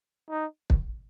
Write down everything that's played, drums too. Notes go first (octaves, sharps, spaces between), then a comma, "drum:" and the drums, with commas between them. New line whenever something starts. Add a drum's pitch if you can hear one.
D#4
drum: kick